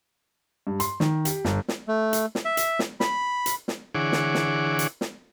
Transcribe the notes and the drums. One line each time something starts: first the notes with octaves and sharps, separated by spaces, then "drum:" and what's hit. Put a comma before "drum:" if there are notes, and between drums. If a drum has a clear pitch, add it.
G2
C6, drum: hi-hat
D#3, drum: snare
G4, drum: hi-hat
G1, drum: snare
drum: snare
A3
drum: hi-hat
drum: snare
E5
drum: hi-hat
drum: snare
B5, drum: snare
drum: hi-hat
drum: snare
D3 E3 G#4 C#5 F#5 D6
drum: snare
drum: snare
drum: hi-hat
drum: snare